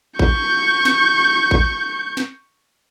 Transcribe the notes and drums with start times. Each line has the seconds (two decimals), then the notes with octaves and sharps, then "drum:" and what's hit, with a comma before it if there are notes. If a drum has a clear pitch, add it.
0.19 C#6 G6, drum: kick A1
0.85 drum: snare
1.51 drum: kick A1
2.17 drum: snare